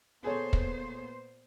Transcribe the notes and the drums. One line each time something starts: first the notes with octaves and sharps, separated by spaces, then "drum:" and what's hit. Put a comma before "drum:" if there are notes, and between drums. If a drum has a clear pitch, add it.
A#2 B3 G#4 A4 C5 C#5
drum: kick